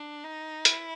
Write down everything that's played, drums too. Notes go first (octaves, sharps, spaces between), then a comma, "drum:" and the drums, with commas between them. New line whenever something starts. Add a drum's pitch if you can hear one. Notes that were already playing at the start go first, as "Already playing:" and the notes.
Already playing: D4
D#4
E4, drum: hi-hat